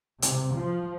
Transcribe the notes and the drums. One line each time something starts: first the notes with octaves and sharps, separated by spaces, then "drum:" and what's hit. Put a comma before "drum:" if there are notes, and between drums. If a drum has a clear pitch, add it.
C3, drum: hi-hat
F3